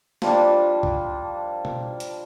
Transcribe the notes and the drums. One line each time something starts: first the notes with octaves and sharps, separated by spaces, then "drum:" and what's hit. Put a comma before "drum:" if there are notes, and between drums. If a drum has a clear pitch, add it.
F3 G3 A#3 D4, drum: snare
drum: kick C2
drum: tom B2
drum: hi-hat